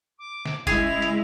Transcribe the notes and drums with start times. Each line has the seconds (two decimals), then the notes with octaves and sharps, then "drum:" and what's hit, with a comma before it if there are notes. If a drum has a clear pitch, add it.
0.18 D6
0.45 drum: snare
0.67 C#3 G#3 E4 G#4 F7, drum: kick
1.02 drum: hi-hat